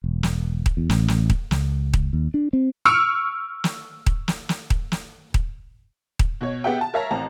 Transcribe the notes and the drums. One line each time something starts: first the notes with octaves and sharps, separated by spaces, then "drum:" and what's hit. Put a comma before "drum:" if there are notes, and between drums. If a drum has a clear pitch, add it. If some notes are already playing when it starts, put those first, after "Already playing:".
E1
drum: snare
drum: kick D#1
E2
A1, drum: snare
drum: snare
drum: kick D#1
C#2, drum: snare
drum: kick D#1
D#2
D4
C4
C#6 E6 F6 C#7 D7
drum: snare
drum: kick D#1
drum: snare
drum: snare
drum: kick D#1
drum: snare
drum: kick D#1
drum: kick D#1
B2 C#5
B3 G4 G#4 E5 F#5 G5
A5
A#4 C#5 E5 F5 A5 A#5
A1 C4 A5 A#5